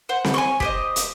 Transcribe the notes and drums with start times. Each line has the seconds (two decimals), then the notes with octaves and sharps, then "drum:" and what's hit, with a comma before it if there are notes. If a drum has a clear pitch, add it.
0.09 C5 F#5
0.24 drum: snare C4
0.34 G#5 C6 C#6
0.60 G4 C5 D#5, drum: kick
0.96 drum: hi-hat